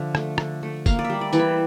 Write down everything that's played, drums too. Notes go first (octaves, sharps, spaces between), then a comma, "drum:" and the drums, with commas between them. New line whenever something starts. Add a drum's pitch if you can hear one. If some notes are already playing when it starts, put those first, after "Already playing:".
Already playing: D3 F3 E5
A3, drum: rim click
D3, drum: rim click
A3
A#3 F5, drum: kick F1, tambourine
D5
E5
G3
D5
E3 D5, drum: tambourine
E5